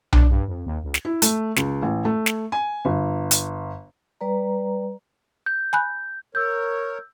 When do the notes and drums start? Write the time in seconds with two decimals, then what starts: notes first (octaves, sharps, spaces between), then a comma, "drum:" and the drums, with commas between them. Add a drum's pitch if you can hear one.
0.13 D4, drum: tom B1
0.31 G2
0.48 F2
0.66 D#2
0.83 C#2
0.94 drum: snare
1.05 E4
1.22 A3, drum: hi-hat
1.56 C#2, drum: snare
1.82 A1
2.05 A3
2.26 drum: snare
2.52 G#5
2.85 G1
3.31 drum: hi-hat
4.21 G3 B4 D5 A#5
5.46 G6
5.73 G#5 B5 F#6
6.35 A#4 C#5 E6 G6